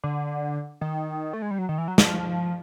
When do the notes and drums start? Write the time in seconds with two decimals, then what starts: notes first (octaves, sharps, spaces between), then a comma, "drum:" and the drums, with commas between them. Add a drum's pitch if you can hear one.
0.03 D3
0.81 D#3
1.33 A3
1.42 G#3
1.51 G3
1.58 F#3
1.69 D#3
1.78 E3
1.88 F#3
1.98 F3, drum: snare